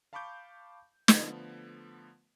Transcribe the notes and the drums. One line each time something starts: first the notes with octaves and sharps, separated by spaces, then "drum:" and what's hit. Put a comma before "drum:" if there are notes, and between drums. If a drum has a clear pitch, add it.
F5 A5 B5 C#6 D6 G6
D3 F3 A3 B3, drum: snare